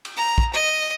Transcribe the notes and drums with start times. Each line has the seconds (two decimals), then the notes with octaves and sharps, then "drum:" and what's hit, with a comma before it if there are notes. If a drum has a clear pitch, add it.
0.05 drum: cymbal
0.16 A#5
0.38 drum: kick
0.53 D#5